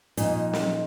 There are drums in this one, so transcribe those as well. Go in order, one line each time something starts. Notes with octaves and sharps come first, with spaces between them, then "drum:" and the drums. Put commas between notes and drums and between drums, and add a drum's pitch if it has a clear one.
F2 A#2 D#4, drum: hi-hat
drum: snare